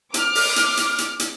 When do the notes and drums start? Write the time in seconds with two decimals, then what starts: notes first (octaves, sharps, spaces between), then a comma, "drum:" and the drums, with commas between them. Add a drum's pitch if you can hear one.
0.14 D6 F6, drum: hi-hat
0.35 drum: open hi-hat
0.56 drum: hi-hat
0.77 drum: hi-hat
0.98 drum: hi-hat
1.20 drum: hi-hat